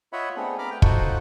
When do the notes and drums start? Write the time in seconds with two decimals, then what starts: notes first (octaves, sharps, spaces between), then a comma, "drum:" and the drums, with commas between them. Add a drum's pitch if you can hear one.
0.13 F4 C#5 D#5 E5 F#5 B5
0.36 A3 B3 C4 D4 G#4 A4
0.58 B3 A#5 B5 D6 F6
0.71 A3 B4 G5
0.82 D#4 F4 F#4 A4 C5 F#5, drum: kick